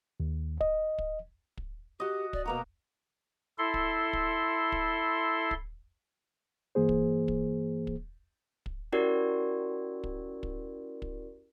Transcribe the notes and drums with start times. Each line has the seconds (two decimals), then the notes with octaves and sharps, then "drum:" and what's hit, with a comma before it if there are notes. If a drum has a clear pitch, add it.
0.20 D#2
0.61 D#5, drum: kick
0.98 drum: kick
1.57 drum: kick
2.00 F#4 G4 D#5
2.33 D5, drum: kick
2.45 B2 A#3 F#4 A#5
3.58 E4 A4 C6
3.74 drum: kick
4.13 drum: kick
4.72 drum: kick
5.51 drum: kick
6.75 G2 E3 A#3 G#4 C5
6.89 drum: kick
7.28 drum: kick
7.87 drum: kick
8.66 drum: kick
8.92 C#4 E4 F#4 G4 A#4 D5
10.04 drum: kick
10.43 drum: kick
11.02 drum: kick